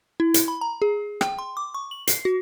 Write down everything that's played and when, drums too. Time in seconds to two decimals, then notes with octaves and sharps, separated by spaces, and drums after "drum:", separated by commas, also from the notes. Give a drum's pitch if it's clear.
0.20 E4
0.34 drum: hi-hat
0.48 B5
0.61 A#5
0.82 G#4
1.21 G5, drum: rim click
1.39 C6
1.57 D6
1.74 C#6
1.91 F#7
2.07 C7, drum: hi-hat
2.25 F#4